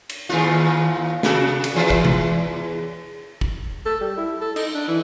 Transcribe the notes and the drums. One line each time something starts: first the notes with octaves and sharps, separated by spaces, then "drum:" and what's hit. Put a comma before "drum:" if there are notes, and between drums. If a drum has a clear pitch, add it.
drum: cymbal
D#2 A2 F4
C3 F#4 A4, drum: snare
drum: cymbal
E2 E3
drum: kick
drum: tom C3
drum: kick
A4
G3
E4
A4
D#4, drum: cymbal
D4
E3